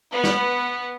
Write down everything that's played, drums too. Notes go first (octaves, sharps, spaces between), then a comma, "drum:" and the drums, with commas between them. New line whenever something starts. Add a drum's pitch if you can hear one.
B3
drum: snare